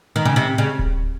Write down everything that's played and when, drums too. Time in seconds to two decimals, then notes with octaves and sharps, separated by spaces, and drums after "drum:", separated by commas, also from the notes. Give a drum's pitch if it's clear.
0.16 D#3
0.25 C#3
0.36 C3
0.58 C#3
0.79 drum: kick D1